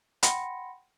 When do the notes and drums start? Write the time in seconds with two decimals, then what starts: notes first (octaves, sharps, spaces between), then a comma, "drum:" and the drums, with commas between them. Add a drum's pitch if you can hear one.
0.23 F#5 G5 B5 C6 A#6 C#7, drum: hi-hat